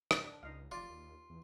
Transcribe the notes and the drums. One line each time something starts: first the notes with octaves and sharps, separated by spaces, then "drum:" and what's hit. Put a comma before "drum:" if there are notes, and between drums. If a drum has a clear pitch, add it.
drum: rim click
D4
C#2 D#4 D#5 F5
F1 F4 D5
D#2
E2